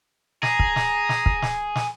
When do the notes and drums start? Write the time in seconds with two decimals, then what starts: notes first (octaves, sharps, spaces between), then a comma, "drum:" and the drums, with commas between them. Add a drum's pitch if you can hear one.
0.43 G#4 A#5, drum: snare
0.59 drum: kick
0.76 drum: snare
1.09 drum: snare
1.26 drum: kick
1.42 drum: snare
1.76 drum: snare